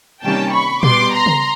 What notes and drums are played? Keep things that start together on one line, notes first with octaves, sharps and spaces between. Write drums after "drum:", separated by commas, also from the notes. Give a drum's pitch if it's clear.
C3 D#3 G3 A#3 C#4 G5 A5
B5 C#6
B2 G3 B3 C6 D6, drum: tom A#2
A#5 C6
drum: tom C#3